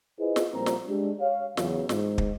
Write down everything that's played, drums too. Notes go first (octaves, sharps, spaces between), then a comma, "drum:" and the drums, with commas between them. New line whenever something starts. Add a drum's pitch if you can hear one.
E4 F4 G#4 B4 C5 D#5
drum: snare
A#1 G3 A#3 C4 C5 A#5
drum: snare
G#3 D4 G4
C#5 F5
E2 C#3 F#3, drum: snare
G#2, drum: snare
drum: kick